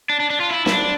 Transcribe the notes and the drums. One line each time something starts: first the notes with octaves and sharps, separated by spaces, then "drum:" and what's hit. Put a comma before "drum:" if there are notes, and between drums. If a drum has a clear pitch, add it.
D4
D4
D4
F4
E4
E4, drum: snare
D4